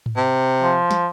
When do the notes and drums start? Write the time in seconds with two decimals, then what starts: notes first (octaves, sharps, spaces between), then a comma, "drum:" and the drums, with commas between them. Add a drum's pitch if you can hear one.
0.06 drum: tom G#2
0.17 C3
0.62 F3
0.91 drum: snare